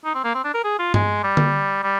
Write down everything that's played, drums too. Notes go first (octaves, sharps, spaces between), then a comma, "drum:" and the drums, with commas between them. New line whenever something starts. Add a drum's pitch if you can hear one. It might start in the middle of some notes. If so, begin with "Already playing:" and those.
D#4
C4
A#3
C4
D4
A#4
G#4
F4
G#3, drum: tom G2
G3
drum: tom D3
G3